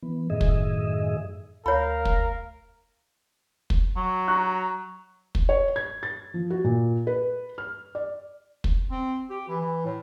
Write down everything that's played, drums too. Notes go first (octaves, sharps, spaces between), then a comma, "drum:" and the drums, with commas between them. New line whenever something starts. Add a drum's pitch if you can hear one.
E3 B3
F#2 A2 D#3 G#4 D#5 E5
drum: kick
D2 A#4 C#5 F5 B5
drum: kick
drum: kick
F#3
A#5 C#6 F#6
drum: kick
C#5
G#6
A6
F3
F#4
A#2
B4
F6
D5
drum: kick
C4
G4
E3
E3
A2